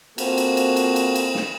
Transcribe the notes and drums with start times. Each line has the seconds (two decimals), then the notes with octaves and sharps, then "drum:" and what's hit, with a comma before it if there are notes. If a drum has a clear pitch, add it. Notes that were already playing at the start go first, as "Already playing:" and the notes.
0.18 A#3 C4 F4 F#4 A4 C5, drum: cymbal
0.38 drum: cymbal
0.57 drum: cymbal
0.76 drum: cymbal
0.96 drum: cymbal
1.15 drum: cymbal
1.35 drum: snare